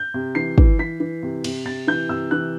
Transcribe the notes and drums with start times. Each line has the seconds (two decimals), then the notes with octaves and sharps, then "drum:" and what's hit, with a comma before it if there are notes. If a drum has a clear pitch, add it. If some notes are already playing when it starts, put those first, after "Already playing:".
Already playing: G6
0.14 C3
0.35 E3 C7
0.58 E3, drum: kick
0.79 E3 B6
1.00 E3
1.23 C3
1.44 C3, drum: cymbal
1.65 C3 A6
1.87 E3 G6
2.09 C3 E6
2.31 E3 F#6